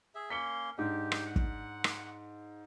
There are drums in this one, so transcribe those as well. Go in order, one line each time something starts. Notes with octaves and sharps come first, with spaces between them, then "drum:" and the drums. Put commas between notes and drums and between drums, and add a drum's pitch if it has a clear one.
G#4 E5
A#3 C#4 C6 B6 C#7 G7
G#2 D4 G4
drum: rim click
F#5
drum: kick
drum: rim click